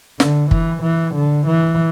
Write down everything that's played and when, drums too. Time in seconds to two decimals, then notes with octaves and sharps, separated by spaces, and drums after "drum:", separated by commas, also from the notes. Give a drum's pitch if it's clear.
0.20 D3, drum: snare
0.51 E3, drum: kick
0.83 E3
1.14 D3
1.47 E3